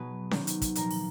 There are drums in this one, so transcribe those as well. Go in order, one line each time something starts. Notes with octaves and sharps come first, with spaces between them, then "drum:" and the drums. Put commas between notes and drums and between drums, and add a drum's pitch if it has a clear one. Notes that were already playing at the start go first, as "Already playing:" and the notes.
Already playing: B2 F#3 G#4 B4
C3 D#3 F#3, drum: snare C#4
drum: hi-hat
drum: kick, hi-hat
A#2 F3 A#4, drum: hi-hat
drum: open hi-hat